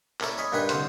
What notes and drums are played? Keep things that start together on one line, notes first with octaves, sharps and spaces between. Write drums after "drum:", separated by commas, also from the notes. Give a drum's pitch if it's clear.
A#3 C#4 E4 A4 A#4 D5, drum: clap
C#5 D#5 G#5 B5
G2 A#2 D#3 D4 B4 G#5
C2 D3 F4 C5, drum: hi-hat